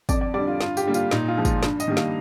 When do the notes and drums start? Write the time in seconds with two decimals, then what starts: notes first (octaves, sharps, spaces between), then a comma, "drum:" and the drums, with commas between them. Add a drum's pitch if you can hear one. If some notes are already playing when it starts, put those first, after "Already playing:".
0.09 F2 D5, drum: kick, tambourine
0.21 D5
0.34 D3 G3 D5
0.47 F4
0.61 G2 F4, drum: snare
0.77 G4, drum: tambourine
0.86 D3 G3 A#3
0.94 F4, drum: tambourine
1.11 A#2 D#4, drum: snare
1.28 F4
1.37 F3 G#3
1.45 F4, drum: kick, tambourine
1.63 G2, drum: snare
1.80 D#5, drum: tambourine
1.88 D#3 G3 A#3
1.97 F5, drum: snare